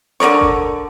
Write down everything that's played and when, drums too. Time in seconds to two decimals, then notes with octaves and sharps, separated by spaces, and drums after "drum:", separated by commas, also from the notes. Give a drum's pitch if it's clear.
0.20 D3 A#4 D5 C#6, drum: snare
0.41 drum: kick F#1